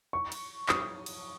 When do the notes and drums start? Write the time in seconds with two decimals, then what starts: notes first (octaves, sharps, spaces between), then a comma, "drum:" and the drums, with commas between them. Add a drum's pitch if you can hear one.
0.13 C#6
0.32 drum: cymbal
0.69 D#6, drum: clap
1.06 drum: cymbal